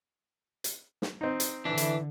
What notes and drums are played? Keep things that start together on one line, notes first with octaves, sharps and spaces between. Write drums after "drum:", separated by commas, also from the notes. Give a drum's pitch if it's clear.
drum: hi-hat
drum: snare
C4 D#4
drum: hi-hat
D3 E3 D4
drum: hi-hat